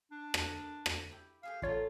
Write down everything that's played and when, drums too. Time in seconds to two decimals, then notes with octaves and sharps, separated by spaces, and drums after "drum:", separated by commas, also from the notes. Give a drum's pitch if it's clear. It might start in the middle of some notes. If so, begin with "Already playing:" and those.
0.11 D4
0.34 drum: rim click
0.47 A#4 B4 D#5
0.86 drum: rim click
1.12 E4 G4
1.43 G4 G#4 E5 F5
1.62 A1 D3 F#3 A3 F4 C#5